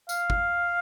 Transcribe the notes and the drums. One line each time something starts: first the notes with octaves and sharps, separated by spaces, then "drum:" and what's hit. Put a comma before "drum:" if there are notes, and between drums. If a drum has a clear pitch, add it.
F5, drum: tambourine
drum: kick